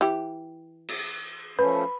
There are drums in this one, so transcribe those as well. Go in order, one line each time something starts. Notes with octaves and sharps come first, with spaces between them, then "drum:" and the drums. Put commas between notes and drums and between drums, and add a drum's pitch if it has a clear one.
E3 G4
drum: cymbal
F3 A3 C#4 B4 B5